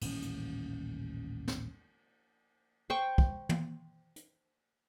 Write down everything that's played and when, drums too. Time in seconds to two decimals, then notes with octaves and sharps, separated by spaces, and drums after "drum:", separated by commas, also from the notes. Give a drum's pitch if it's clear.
0.01 D#1 A1 A2 C#4, drum: cymbal
0.22 drum: hi-hat
1.48 drum: snare
2.90 C5 G5 C#6
3.18 drum: kick
3.49 drum: tom
4.16 drum: hi-hat